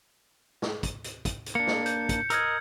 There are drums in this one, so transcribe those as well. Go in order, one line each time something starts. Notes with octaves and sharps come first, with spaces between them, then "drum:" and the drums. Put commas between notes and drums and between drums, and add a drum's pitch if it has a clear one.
drum: snare
drum: kick, hi-hat
drum: hi-hat
drum: kick, hi-hat
drum: hi-hat
A#3 D4 C#7
drum: snare
G6, drum: hi-hat
drum: kick, hi-hat
A#4 D#5 E6 F6 G#6, drum: hi-hat